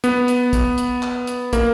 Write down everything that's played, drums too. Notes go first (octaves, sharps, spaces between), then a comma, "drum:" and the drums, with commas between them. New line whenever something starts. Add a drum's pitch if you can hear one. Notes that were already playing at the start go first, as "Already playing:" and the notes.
B3, drum: hi-hat
drum: hi-hat
drum: kick, hi-hat
drum: hi-hat
drum: clap
drum: hi-hat
A#3, drum: kick, hi-hat